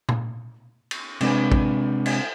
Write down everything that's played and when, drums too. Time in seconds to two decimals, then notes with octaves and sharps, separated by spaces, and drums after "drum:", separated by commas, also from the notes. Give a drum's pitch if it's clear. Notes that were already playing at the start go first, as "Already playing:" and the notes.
0.09 drum: tom
0.91 drum: cymbal
1.21 C3 G#3 D4 B4, drum: cymbal
1.52 drum: kick A1
2.06 drum: cymbal